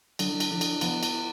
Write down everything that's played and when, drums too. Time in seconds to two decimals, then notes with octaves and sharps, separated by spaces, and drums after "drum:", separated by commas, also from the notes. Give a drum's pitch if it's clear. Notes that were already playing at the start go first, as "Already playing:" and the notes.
0.19 D3 F#3, drum: cymbal
0.40 drum: cymbal
0.51 D3 F3
0.61 drum: cymbal
0.81 F3 B3, drum: cymbal
1.03 drum: cymbal